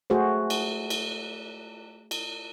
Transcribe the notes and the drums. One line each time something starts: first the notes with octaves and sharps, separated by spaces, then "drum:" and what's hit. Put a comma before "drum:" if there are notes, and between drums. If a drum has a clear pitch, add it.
A3 F#4 G#4 C5
drum: cymbal
drum: cymbal
drum: cymbal